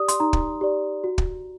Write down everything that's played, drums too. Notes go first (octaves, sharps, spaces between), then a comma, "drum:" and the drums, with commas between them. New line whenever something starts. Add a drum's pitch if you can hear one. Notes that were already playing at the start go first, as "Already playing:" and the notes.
Already playing: G4 D5 D#6
C6, drum: hi-hat
D#4 A#5
drum: kick
G4 D5
F#4
drum: kick